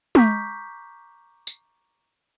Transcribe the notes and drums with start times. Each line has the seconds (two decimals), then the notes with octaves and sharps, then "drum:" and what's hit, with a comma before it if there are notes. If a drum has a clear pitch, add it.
0.15 A#5 C#6 D6 F6 G6 B6, drum: tom
1.47 drum: tambourine